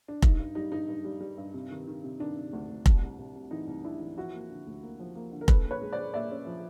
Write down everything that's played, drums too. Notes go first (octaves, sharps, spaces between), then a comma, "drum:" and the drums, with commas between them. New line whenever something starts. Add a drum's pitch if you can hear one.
D4
G2 D#4, drum: kick F1
G2
G3 D#4
G2 D#4
G2
G3
G3
G2
C3
D#3
D#3
C3
D#3 D4
C3
D2
D2
C2, drum: kick F1
C2
C2
C3
E3 D#4
C2
C3 D4 E4
E3
F3 E4 F#4
A#3
D3
D2
A#3
F3
A#3
D3
A#4
A#2 A4 B4, drum: kick F1
A#2
B4 C#5
G#3
C5 D5
G#3
A#2 D5 E5
C#4
F3